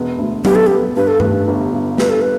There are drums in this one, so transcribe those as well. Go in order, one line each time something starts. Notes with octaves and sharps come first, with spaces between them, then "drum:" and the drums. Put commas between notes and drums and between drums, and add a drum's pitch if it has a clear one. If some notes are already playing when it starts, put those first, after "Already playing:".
Already playing: E1 B3
D2
B3 G4, drum: tom F#3
A4
B3 G4
G2 B4
A4
A3 B4, drum: tom G2
G1
G2
G3 B4, drum: snare
A4
B4